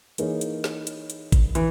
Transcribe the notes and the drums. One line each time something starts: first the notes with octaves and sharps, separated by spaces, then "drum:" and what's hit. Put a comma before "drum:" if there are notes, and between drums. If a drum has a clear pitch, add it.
E3 A#3 D#4 G#4 C#5, drum: hi-hat
drum: hi-hat
drum: snare
drum: hi-hat
drum: hi-hat
drum: kick G#1, hi-hat
E3, drum: hi-hat